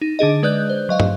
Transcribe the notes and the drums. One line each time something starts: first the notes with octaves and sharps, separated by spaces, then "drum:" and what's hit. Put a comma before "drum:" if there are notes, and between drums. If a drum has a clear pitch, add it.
D#4
D3 D4 G#4 D#5
G#3 B4 D5 F#6 G6
C5
F#3 D#5 F5
drum: tom